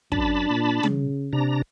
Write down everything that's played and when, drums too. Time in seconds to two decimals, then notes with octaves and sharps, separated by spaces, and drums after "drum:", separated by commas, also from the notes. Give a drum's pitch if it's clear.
0.12 F#2 D4 A5 B5, drum: kick
0.50 A#2
0.83 C#3, drum: tom
1.33 C3 D4 A#5